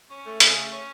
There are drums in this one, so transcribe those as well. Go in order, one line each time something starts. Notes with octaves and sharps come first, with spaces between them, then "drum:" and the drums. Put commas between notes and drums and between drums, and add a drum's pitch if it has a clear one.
C#4
A3
C#3, drum: hi-hat
A3
C#4